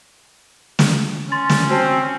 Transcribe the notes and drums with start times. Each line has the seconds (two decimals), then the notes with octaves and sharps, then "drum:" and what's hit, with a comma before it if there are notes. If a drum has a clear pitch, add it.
0.79 drum: snare
1.32 C#4 C6 A6
1.49 drum: snare
1.70 C4 F#4 C5 A5